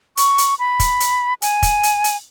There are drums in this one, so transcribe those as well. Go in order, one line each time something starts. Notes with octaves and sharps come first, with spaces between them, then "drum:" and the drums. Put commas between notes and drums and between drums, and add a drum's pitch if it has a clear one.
C#6, drum: hi-hat
drum: hi-hat
B5
drum: kick, hi-hat
drum: hi-hat
G#5, drum: hi-hat
drum: kick, hi-hat
drum: hi-hat
drum: hi-hat